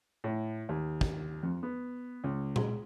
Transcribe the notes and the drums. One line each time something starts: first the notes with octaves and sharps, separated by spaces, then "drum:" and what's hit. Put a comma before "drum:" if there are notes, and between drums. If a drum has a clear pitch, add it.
A2
D#2
drum: kick
F2
B3
C#2
G#3, drum: tom A#2